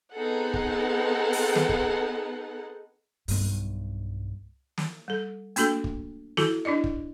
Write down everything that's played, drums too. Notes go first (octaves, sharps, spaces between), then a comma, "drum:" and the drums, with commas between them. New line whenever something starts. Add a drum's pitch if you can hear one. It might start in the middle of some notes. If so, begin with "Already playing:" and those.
B3 C4 D#4 G#4 A4 F#5
drum: kick
drum: open hi-hat
drum: snare
drum: kick
B1 G2, drum: open hi-hat
drum: snare
G3 A4
A3 A#3 D4 F#4 A4, drum: hi-hat
drum: kick
E4 F#4 A4, drum: snare
D4 E4 D5 D#5
drum: kick